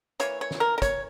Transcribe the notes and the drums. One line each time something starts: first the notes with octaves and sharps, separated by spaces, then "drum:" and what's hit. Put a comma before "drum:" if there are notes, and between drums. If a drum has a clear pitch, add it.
E3 A#3 C#5, drum: hi-hat
C#5
drum: snare
A#4
A#4
C#5, drum: kick, hi-hat